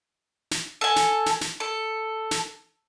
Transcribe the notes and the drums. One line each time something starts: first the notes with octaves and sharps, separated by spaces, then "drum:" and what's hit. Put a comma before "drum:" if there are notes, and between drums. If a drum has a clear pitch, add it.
drum: snare
A4 G#5
drum: snare
drum: snare
drum: snare
A4
drum: snare